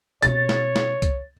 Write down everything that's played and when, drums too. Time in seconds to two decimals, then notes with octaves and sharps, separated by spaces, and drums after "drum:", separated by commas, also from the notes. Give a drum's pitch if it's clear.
0.22 B2 C4 C#5 A6, drum: hi-hat
0.49 drum: snare
0.76 drum: snare
1.02 drum: kick C2, hi-hat